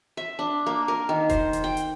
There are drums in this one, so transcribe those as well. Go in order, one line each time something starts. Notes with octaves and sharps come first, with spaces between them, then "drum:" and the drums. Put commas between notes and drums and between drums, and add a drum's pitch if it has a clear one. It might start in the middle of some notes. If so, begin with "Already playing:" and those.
E5
D4
A#3
A#4
D#3
C5, drum: kick E1, hi-hat
drum: hi-hat
G5
drum: hi-hat